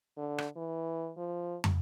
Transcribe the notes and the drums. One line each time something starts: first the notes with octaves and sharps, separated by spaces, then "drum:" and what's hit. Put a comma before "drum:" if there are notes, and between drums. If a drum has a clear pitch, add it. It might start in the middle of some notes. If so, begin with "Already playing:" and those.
D3
drum: rim click
E3
F3
drum: tom